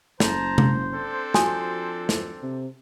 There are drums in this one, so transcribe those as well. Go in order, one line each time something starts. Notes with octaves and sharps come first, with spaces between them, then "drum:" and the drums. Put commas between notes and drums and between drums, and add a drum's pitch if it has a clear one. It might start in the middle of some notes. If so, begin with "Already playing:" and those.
F#1 C5 A5 A#5, drum: snare
drum: tom C3
C4 D4 A4
F3 F#4 G#5 D#6, drum: snare
drum: snare
C3